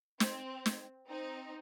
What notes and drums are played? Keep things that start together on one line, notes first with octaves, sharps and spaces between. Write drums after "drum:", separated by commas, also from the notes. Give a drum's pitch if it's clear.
C4, drum: snare
drum: snare
C4 D#4